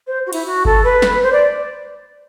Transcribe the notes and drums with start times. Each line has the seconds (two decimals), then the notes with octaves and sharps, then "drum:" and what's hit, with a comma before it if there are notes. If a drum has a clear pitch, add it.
0.07 C5
0.26 F#4
0.33 E4, drum: cymbal
0.46 F#4
0.65 A4, drum: kick G1
0.84 B4
1.02 drum: snare
1.22 C5
1.32 D5